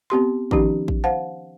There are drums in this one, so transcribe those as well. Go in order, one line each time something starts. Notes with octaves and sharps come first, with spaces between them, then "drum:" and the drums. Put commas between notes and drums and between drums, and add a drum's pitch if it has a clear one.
B3 C4 G4 C6
D#3 F3 C#4 D#4 G4, drum: kick A1
drum: kick A1
C5 F5 F#5 A5